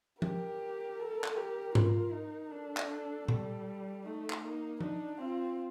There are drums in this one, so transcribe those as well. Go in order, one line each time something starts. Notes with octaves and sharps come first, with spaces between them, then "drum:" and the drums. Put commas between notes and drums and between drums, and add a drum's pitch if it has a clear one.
G4 A#4, drum: tom F3
A4
drum: clap
G4
F4, drum: tom G#2
D#4
D4 A4
drum: clap
G3, drum: tom A#2
A3 D#4
drum: clap
A#3 D#4
D4 D#4, drum: tom F3
C4 F4